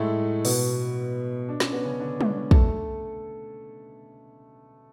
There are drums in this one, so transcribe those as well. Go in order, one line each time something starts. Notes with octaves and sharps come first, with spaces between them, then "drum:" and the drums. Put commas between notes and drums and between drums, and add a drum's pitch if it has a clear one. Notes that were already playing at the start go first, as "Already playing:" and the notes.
Already playing: A2 G#3 A3
B2 B3, drum: open hi-hat
D4
C#4, drum: snare
B3
C#3 C#4
D3 D4
drum: tom G3
A3 A4, drum: kick